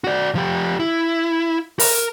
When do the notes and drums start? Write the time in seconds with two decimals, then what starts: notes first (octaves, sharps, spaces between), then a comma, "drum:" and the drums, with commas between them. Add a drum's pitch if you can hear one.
0.04 F#4 D5
0.35 F3 G4
0.80 E4
1.80 A#4, drum: open hi-hat